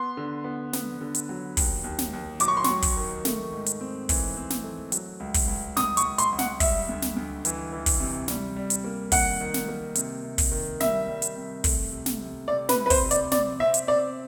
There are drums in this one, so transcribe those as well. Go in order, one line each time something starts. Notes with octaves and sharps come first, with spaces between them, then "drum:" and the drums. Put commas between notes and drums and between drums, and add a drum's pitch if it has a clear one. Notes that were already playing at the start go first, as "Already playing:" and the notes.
Already playing: B3 C6
D3
B3
B3, drum: snare
D3
drum: hi-hat
F#3
D#2, drum: kick, open hi-hat
D#2
drum: snare
D#2
F#3 D6, drum: hi-hat
C#6
C6
F#3 C#6, drum: snare
drum: kick, open hi-hat
D#3
A3, drum: snare
G#2
drum: hi-hat
C4
E3, drum: kick, open hi-hat
C4
drum: snare
A3
F#3, drum: hi-hat
C#2
drum: kick, open hi-hat
C#2
C#2 D#6, drum: snare
C#6, drum: hi-hat
C#2
C6, drum: hi-hat
C#2
F#5, drum: snare
G3 E5, drum: kick, open hi-hat
D2
drum: snare
D2
E3, drum: hi-hat
E3
drum: kick, open hi-hat
C3
G3, drum: snare
G3
drum: hi-hat
A#3
D#3 F#5, drum: kick, open hi-hat
D#3
drum: snare
A#3
C3, drum: hi-hat
C3
drum: kick, open hi-hat
D#3
G3 E5, drum: snare
G3
drum: hi-hat
C3
A3, drum: kick, open hi-hat
C3
drum: snare
C3
C3 D5
B4, drum: snare
C3
B4
C5, drum: kick, open hi-hat
C3
D5, drum: hi-hat
C4 D5, drum: snare
C4 E5
drum: hi-hat
C4 D5